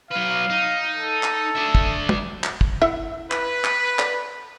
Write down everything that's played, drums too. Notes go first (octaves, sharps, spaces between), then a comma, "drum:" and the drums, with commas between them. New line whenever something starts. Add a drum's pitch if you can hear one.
F#3 B4 F5
D#4
A4
drum: clap
D4 E5
drum: kick
drum: tom
drum: clap
drum: kick
E4 E5 F#5
B4, drum: clap
drum: clap
D5, drum: clap